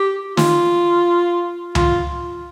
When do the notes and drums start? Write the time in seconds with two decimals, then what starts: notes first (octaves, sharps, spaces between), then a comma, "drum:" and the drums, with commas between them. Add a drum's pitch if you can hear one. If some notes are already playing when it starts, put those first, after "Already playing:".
Already playing: G4
0.37 F4, drum: snare
1.75 F4, drum: tom C#2